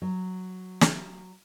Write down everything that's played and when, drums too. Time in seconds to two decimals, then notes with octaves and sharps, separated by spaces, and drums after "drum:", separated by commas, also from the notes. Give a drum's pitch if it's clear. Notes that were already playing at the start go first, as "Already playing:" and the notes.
0.02 F#3
0.81 drum: snare